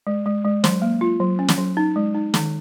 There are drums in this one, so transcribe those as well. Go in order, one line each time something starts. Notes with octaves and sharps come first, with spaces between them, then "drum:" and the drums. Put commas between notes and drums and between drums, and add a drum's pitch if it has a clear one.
G#3
G#3
G#3
F#3, drum: snare
A#3
F4
F#3
C#4
drum: snare
F#3
D#4
G#3
D#4
D#3, drum: snare